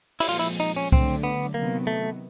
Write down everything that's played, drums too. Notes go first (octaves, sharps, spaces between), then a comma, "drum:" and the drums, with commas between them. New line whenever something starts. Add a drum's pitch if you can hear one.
E4, drum: open hi-hat
A#2 F3 G#3 C4 F4
E4
D#4
C#4
D3 F#3 A3 C4 D4, drum: kick C2
B3
C3 D#3 F#3 A#3 B3
A3